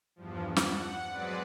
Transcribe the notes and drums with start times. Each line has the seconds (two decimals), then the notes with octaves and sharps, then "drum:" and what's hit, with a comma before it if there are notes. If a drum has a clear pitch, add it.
0.16 E2 G2 F3
0.56 F#5, drum: snare
1.09 F#3 G#3 C4 B4 D5